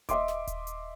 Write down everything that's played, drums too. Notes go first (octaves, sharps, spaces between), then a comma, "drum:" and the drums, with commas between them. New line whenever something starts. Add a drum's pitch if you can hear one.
D#5 E5 C6 D6, drum: kick D#1, hi-hat
drum: snare
drum: kick D#1, hi-hat
drum: hi-hat